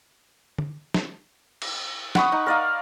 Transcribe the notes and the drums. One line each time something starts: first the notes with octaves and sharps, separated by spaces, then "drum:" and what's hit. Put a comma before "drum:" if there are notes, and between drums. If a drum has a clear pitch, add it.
drum: tom D3
drum: snare
drum: cymbal
F#5 B5 C#6 D#6, drum: snare
D#4
A#4 D5 D#5 F5